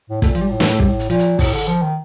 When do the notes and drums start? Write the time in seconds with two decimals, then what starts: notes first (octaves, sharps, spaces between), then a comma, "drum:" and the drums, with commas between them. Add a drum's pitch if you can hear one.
0.10 A2
0.22 A#2 A3, drum: kick, hi-hat
0.35 F3
0.41 G3
0.51 A2
0.60 A3, drum: snare
0.72 A3
0.80 A2 G3, drum: kick
0.99 drum: hi-hat
1.09 A#2 F3
1.19 drum: hi-hat
1.39 A2, drum: kick, open hi-hat
1.53 D3
1.67 F3
1.82 D#3